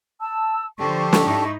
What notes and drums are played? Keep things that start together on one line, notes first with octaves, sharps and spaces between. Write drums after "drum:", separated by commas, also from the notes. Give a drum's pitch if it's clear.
A5 E6
D3 F3 D4 G4 A4 C5 C#6
drum: snare
G#2 D#4 E4